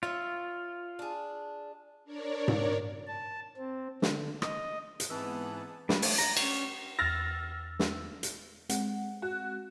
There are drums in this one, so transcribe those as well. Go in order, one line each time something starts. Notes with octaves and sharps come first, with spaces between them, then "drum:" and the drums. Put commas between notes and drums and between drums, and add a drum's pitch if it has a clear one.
F4 C#5 E5 F5
D4 G#4
D4 A#4 C#5 D5
drum: tom G#2
A5
C4
D3, drum: snare
D#5, drum: rim click
drum: hi-hat
G#2 E3 B3 C4 G#4 A5 E6
G3, drum: snare
A3, drum: open hi-hat
A#5, drum: hi-hat
C#4, drum: cymbal
E2 E6 F6 A6 A#6
drum: snare
drum: hi-hat
G#3 C4 F#5, drum: hi-hat
F#4